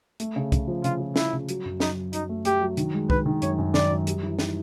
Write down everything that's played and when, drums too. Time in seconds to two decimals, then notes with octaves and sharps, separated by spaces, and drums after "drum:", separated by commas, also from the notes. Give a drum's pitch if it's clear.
0.20 A3, drum: hi-hat
0.36 C#3
0.52 C#3, drum: kick C2, hi-hat
0.68 F3
0.84 C#3 F4, drum: hi-hat
1.00 F3
1.16 F3 E4, drum: snare
1.33 C#3
1.49 F#3, drum: hi-hat
1.65 F#2
1.80 F#3 D#4, drum: snare
1.97 F#3
2.13 F#3 D#4, drum: hi-hat
2.29 A3
2.45 A3 G4, drum: hi-hat
2.61 F#3
2.77 D#3, drum: hi-hat
2.94 G#3
3.10 D#3 B4, drum: kick C2
3.26 D#3
3.42 F#2 C#5, drum: hi-hat
3.58 F#2
3.74 D#3 D5, drum: snare
3.91 F#2
4.07 G3, drum: hi-hat
4.23 E3
4.39 D#4, drum: snare